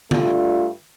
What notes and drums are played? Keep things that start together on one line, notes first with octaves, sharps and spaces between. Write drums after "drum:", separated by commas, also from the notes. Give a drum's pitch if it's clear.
G2 A3 D4 F4, drum: tom D3